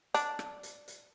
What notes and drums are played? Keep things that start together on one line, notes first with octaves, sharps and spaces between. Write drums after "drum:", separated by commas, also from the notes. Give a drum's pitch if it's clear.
D4, drum: hi-hat
drum: rim click
drum: hi-hat
drum: hi-hat